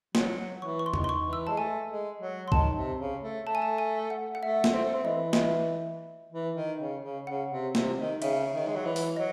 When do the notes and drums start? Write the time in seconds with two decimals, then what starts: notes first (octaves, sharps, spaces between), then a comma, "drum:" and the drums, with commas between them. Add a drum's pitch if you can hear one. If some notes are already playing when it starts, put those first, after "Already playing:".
0.15 F#3, drum: snare
0.62 E3 C#6
0.79 C#6
0.86 C6
0.94 D#3, drum: tom E2
1.04 C6
1.09 C#6
1.25 E3
1.33 E6
1.47 G#3 A5
1.57 A3 G#5
1.89 G#3
2.20 F#3
2.48 C6
2.52 D#3 A5, drum: kick
2.76 C3
2.99 C#3
3.24 A3
3.47 A3 A5
3.55 G#5
3.62 A5
3.78 G#5
4.10 F#5
4.35 F#5
4.43 A3 E5
4.64 drum: snare
4.73 C4 E5
4.84 A3
4.95 C4
5.05 E3 D#5
5.33 D#5, drum: snare
5.37 E5
6.32 E3
6.55 D#3
6.79 C#3
7.03 C#3
7.27 C#3 F#5
7.51 C3
7.75 C3, drum: snare
7.99 D#3
8.22 C#3 E5, drum: cymbal
8.54 D#3
8.67 G#3
8.76 F#3
8.85 E3
8.96 drum: open hi-hat
9.16 F#3 D#5